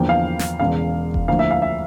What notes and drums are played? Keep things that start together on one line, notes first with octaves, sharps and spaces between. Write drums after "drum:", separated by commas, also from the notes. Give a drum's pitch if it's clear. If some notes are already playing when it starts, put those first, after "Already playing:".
Already playing: E2 D3 F3 A#3 G5
F5
drum: snare
E1 E2 C#3 F5
drum: kick F1
D2 D3 F3 A#3 F5
E5
F5
E5